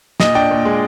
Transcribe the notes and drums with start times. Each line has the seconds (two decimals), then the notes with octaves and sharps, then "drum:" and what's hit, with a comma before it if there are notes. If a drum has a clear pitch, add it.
0.20 A#2 D#5, drum: snare
0.35 D4 G5
0.51 A#2
0.65 G#3